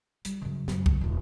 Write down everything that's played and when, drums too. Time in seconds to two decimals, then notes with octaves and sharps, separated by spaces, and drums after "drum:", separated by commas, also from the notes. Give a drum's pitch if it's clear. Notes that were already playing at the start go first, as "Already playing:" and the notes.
0.25 G3, drum: hi-hat
0.42 F#2 C#3
0.68 F#2, drum: snare
0.86 C#2, drum: kick
1.01 D#1 F2